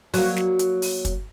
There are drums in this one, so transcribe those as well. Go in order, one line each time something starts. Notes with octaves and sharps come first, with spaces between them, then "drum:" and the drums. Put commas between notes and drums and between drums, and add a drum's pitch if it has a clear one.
F#3 A#3, drum: open hi-hat
drum: snare
drum: hi-hat
drum: open hi-hat
drum: kick, hi-hat